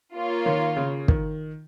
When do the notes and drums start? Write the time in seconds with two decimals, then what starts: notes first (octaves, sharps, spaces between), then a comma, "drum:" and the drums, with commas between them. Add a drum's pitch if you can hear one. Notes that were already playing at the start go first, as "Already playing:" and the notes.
0.14 A#3 F4 C#5
0.46 D#3
0.77 C#3
1.08 D#3, drum: kick